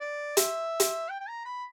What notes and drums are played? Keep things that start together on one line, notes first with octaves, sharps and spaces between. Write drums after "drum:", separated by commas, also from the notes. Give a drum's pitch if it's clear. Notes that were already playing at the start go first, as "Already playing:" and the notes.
D5
E5, drum: hi-hat
drum: hi-hat
G5
G5
A#5
B5